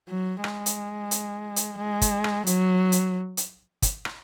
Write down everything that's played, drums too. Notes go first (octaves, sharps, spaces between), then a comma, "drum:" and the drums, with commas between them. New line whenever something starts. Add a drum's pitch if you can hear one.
F#3
G#3, drum: rim click
drum: hi-hat
drum: hi-hat
drum: hi-hat
G#3
drum: kick, hi-hat
drum: rim click
F#3, drum: hi-hat
drum: hi-hat
drum: hi-hat
drum: kick, hi-hat
drum: rim click